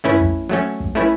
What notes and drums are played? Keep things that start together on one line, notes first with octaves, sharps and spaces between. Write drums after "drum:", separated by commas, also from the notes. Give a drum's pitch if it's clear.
A3 C#4 E4 B4, drum: tom
drum: kick
F#3 A3 C#4
drum: kick
A3 C#4 E4 B4